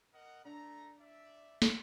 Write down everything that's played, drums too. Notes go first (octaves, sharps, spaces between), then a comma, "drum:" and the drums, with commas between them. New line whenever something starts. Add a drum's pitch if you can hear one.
A#4 D#5 F#5
A3 D4 A#5
D5 E5
drum: snare